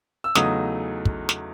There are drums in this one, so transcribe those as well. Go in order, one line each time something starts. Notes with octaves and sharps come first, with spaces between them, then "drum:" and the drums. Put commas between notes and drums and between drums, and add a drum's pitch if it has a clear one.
E6
E2 C#3 F#3 A3 D#4 D#6, drum: snare
drum: kick
drum: snare